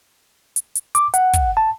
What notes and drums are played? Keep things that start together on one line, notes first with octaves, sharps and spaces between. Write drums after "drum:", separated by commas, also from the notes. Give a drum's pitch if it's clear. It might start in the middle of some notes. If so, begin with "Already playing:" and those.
drum: hi-hat
drum: hi-hat
D6, drum: hi-hat
F#5, drum: hi-hat
drum: kick, hi-hat
A5